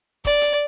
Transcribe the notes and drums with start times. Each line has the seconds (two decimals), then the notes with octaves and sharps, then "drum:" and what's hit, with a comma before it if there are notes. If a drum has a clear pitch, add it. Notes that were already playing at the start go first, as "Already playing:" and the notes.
0.25 D5, drum: kick, hi-hat
0.41 drum: hi-hat